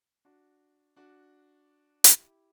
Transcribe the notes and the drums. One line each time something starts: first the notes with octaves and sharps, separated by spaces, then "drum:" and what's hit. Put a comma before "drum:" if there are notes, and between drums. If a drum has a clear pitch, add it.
D4 F#4
D4 F#4
E4 G4, drum: hi-hat